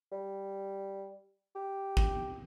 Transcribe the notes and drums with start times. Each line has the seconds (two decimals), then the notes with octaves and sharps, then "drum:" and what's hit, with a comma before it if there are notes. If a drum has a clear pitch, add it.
0.12 G3
1.56 G4
1.97 drum: kick